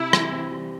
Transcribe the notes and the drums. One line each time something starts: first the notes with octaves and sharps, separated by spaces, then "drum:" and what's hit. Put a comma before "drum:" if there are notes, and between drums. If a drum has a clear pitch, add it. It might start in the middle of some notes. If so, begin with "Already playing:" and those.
Already playing: C3 E4
E3, drum: rim click
C4
G3